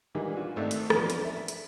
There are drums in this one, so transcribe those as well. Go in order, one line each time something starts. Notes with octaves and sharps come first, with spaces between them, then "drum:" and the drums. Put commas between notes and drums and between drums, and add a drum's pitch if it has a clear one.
A#2 D3 E3 G3 G#3 A#3
F4 F#4
G#1 A3 C4 A4 D5 E5
drum: hi-hat
E3 F3 B3 D4, drum: rim click
drum: hi-hat
E5
drum: hi-hat